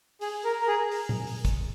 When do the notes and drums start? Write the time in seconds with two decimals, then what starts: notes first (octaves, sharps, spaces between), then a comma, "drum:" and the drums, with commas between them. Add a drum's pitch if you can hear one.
0.21 G#4, drum: open hi-hat
0.44 A#4
0.61 A#4
0.68 G#4
0.92 drum: open hi-hat
1.09 drum: tom A#2
1.27 drum: open hi-hat
1.45 drum: kick, hi-hat